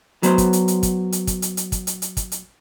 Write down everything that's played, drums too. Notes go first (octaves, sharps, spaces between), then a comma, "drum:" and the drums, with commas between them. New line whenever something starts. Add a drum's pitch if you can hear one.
F#3 B3 C5, drum: hi-hat
drum: kick, hi-hat
drum: hi-hat
drum: hi-hat
drum: kick, hi-hat
drum: hi-hat
drum: kick, hi-hat
drum: hi-hat
drum: hi-hat
drum: kick, hi-hat
drum: hi-hat
drum: hi-hat
drum: kick, hi-hat
drum: hi-hat